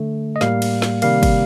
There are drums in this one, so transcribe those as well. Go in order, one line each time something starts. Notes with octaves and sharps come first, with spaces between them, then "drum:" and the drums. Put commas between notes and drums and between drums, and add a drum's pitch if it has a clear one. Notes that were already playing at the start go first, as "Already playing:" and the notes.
Already playing: D3 A3
D#5
A2 G3 A#3 F5, drum: snare
drum: cymbal
drum: snare
C3 D#3 G3 A#3 F5, drum: cymbal
drum: kick, cymbal